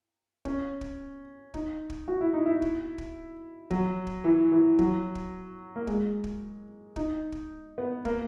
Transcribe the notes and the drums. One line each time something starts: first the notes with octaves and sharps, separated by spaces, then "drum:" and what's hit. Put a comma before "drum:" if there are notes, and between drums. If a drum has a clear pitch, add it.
C#4, drum: kick
drum: kick
D#4, drum: kick
drum: kick
F#4
E4
D#4
E4
drum: kick
drum: kick
F#3, drum: kick
drum: kick
E3
E3
F#3, drum: kick
drum: kick
A#3
G#3, drum: kick
drum: kick
D#4, drum: kick
drum: kick
B3
A#3, drum: kick